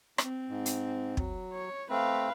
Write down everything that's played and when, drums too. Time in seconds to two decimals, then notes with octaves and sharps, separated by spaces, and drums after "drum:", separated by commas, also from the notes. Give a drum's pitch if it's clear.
0.18 C4, drum: rim click
0.49 G#2
0.66 drum: hi-hat
1.17 F#3, drum: kick
1.53 C#5
1.90 A3 C4 B4 F5